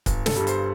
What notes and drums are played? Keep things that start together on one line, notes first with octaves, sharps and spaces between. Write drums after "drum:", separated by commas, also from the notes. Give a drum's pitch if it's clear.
G1, drum: kick C#1, hi-hat
A4, drum: snare
G2 G3
C5, drum: hi-hat